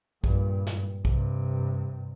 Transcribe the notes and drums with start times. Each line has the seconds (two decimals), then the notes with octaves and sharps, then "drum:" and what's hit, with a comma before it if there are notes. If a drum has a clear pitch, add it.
0.24 G2 A#2, drum: kick
0.67 drum: snare
1.05 G2 C3, drum: kick